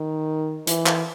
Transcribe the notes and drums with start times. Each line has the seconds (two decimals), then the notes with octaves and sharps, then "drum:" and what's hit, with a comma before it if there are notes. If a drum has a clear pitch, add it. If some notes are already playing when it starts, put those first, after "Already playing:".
Already playing: D#3
0.67 E3, drum: hi-hat
0.86 drum: clap